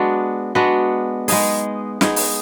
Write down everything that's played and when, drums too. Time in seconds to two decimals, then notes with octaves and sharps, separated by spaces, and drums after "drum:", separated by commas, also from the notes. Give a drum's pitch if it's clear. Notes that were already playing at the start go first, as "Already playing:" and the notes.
Already playing: G#3 B3 D4 F#4
0.55 G#3 B3 D4 F#4
1.28 G#3 B3 D#4 G#4, drum: open hi-hat
2.01 G#3 B3 D#4 G#4, drum: snare
2.16 drum: open hi-hat